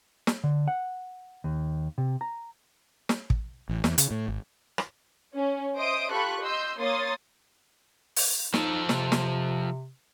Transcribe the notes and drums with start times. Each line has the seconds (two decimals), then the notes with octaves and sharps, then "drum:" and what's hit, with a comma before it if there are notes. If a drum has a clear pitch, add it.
0.27 drum: snare
0.44 D3
0.68 F#5
1.44 D#2
1.98 C3
2.21 A#5
3.09 drum: snare
3.30 drum: kick
3.69 A1
3.84 E2, drum: snare
3.98 C#3, drum: hi-hat
4.11 A2
4.28 G#1
4.78 drum: rim click
5.35 C#4
5.77 C5 D#5 E5 D#6 D7
6.11 F4 G4 A4 B5 C#6 F#6
6.42 D#5 C6 E6 G6
6.78 A#3 C#5 C6 D#6 A6
8.16 drum: open hi-hat
8.54 F3 D#4 A4, drum: snare
8.89 C3, drum: snare
9.12 drum: snare